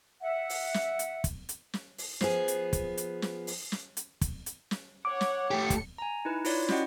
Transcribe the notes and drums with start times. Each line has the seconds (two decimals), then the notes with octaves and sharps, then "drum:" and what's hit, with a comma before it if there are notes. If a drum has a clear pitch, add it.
0.20 E5 F#5
0.50 drum: open hi-hat
0.74 drum: snare
0.99 drum: hi-hat
1.24 drum: kick, hi-hat
1.49 drum: hi-hat
1.73 drum: snare
1.98 drum: open hi-hat
2.21 F3 B3 G#4, drum: snare
2.48 drum: hi-hat
2.73 drum: kick, hi-hat
2.97 drum: hi-hat
3.22 drum: snare
3.47 drum: open hi-hat
3.72 drum: snare
3.97 drum: hi-hat
4.21 drum: kick, hi-hat
4.46 drum: hi-hat
4.71 drum: snare
5.05 C#5 F#5 D6
5.21 drum: snare
5.51 A3 G4 C#7
5.70 drum: kick, hi-hat
5.98 G#5 A#5
6.25 D#4 E4 B4
6.45 E4 F4 C#5 D5, drum: open hi-hat
6.69 C#4 E4 F#4 D#5 F#5 G5, drum: snare